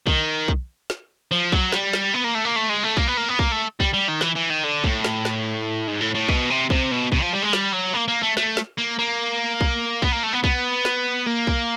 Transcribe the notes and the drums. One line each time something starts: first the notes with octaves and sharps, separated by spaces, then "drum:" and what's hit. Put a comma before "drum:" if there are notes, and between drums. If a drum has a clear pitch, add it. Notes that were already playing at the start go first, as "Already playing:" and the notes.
D#3, drum: kick B1
drum: kick B1
drum: snare
F3
F#3, drum: kick B1
G3, drum: snare
drum: snare
B3
A#3
A3
A#3
A3
G#3
A3
A#3, drum: kick B1
B3
A#3
B3
A#3, drum: kick B1
A3
G3, drum: kick B1
G3
D#3
E3, drum: snare
E3
D#3
D3
A2, drum: kick B1
drum: snare
drum: snare
G#2
A2
A2
B2, drum: kick B1
C3
C3, drum: kick B1
B2
B2, drum: kick B1
F3
G3
G#3
G3, drum: snare
F#3
A#3
A#3
A3
A3, drum: snare
drum: snare
A#3
A#3
drum: kick B1
B3, drum: kick B1
A#3
A3
B3
B3, drum: kick B1
drum: snare
A#3
drum: kick B1